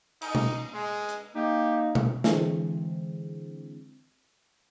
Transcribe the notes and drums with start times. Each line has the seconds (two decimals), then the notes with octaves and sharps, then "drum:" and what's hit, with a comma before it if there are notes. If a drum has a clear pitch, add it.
0.21 D#4, drum: cymbal
0.35 drum: tom B2
0.74 G#3
1.09 drum: hi-hat
1.35 A#3 D#4 G4
1.95 drum: tom B2
2.24 D3 E3 G#3 C4, drum: snare